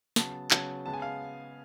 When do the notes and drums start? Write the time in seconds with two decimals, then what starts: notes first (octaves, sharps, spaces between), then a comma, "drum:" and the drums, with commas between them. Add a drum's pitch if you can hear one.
0.16 C#3 F#3 B3 A5, drum: snare
0.51 C#3 F#3 B3 A5, drum: clap
0.86 C#3 G#3 B3 A5
0.94 G#5
1.02 F5